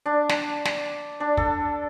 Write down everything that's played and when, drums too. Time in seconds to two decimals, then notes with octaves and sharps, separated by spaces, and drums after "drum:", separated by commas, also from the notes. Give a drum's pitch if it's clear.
0.06 D4
0.29 drum: snare
0.65 drum: snare
1.20 D4
1.37 A4, drum: kick